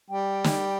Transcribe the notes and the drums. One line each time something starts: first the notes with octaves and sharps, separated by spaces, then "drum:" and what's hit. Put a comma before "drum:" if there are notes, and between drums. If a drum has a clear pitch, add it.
G3 G5
drum: snare